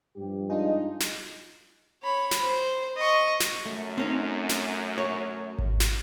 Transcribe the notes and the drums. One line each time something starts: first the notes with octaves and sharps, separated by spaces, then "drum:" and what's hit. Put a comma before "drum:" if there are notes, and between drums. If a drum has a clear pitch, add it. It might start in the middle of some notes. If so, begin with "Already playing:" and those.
G2 F3 G4
F#2 G#3 D4 D#4 F4 G#4 D#5
drum: snare
C#5 B5
drum: snare
C5
D#5 C#6
drum: snare
F#2 A3
C4 C#4 D#4
drum: snare
C#5
drum: kick G#1
drum: snare